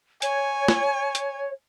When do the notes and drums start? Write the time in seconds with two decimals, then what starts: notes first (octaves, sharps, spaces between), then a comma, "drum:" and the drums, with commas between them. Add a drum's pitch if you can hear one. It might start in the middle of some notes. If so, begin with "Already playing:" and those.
0.22 C#5 G#5, drum: hi-hat
0.68 drum: snare
1.15 drum: hi-hat